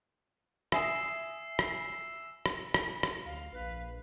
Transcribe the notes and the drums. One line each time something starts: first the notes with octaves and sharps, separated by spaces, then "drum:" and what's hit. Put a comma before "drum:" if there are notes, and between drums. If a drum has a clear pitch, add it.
E5 G#5 D#6 E6 C7 E7, drum: rim click
drum: rim click
drum: rim click
drum: rim click
drum: rim click
D2 F5
A#1 B4